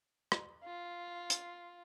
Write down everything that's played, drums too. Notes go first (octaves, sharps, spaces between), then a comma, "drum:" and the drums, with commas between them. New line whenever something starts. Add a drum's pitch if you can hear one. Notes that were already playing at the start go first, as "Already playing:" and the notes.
drum: rim click
F4
drum: hi-hat